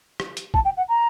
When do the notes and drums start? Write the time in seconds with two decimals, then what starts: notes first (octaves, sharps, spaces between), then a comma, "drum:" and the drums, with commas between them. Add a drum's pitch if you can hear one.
0.20 drum: rim click
0.37 drum: hi-hat
0.54 A5, drum: kick
0.65 G5
0.77 F#5
0.89 A#5